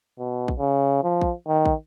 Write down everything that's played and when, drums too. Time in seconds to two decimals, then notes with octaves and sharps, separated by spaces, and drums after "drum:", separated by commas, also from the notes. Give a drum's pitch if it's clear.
0.19 B2
0.48 drum: kick
0.58 C#3
1.03 F3
1.21 drum: kick
1.47 D#3
1.65 drum: kick